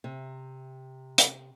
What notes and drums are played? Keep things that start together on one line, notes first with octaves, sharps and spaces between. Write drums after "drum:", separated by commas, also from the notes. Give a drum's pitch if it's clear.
C3
drum: hi-hat